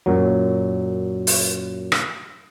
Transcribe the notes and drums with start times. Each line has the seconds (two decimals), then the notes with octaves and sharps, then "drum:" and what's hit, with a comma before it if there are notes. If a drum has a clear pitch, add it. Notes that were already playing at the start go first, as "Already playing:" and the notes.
0.06 F#2 A#2 F#3
1.27 drum: open hi-hat
1.92 drum: rim click